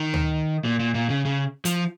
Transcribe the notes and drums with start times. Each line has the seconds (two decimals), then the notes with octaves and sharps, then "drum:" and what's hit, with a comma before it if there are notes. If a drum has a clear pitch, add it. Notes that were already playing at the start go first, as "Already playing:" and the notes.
Already playing: D#3
0.14 drum: tom D2
0.65 A#2
0.80 A#2
0.95 A#2
1.10 C#3
1.25 C#3
1.65 F3, drum: hi-hat